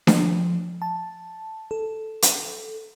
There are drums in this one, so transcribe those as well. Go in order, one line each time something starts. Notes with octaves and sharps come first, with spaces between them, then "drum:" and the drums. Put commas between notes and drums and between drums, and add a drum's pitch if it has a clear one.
F3, drum: snare D4
A5
A4
drum: hi-hat